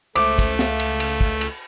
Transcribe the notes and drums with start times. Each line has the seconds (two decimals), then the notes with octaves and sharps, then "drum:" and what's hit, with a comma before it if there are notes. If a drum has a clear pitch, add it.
0.16 C#2 A3 C5 E5 D6, drum: cymbal
0.39 drum: kick, cymbal
0.59 E5 F5, drum: snare
0.80 drum: cymbal
1.00 drum: cymbal
1.21 drum: kick
1.41 drum: cymbal